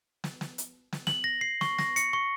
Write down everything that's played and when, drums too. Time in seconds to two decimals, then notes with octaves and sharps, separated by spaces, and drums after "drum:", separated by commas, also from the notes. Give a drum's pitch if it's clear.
0.24 drum: snare
0.41 drum: snare
0.58 drum: hi-hat
0.93 drum: snare
1.07 F#7, drum: snare
1.24 A#6
1.41 C7
1.61 C#6, drum: snare
1.79 A#6, drum: snare
1.96 C#7, drum: hi-hat
2.13 C#6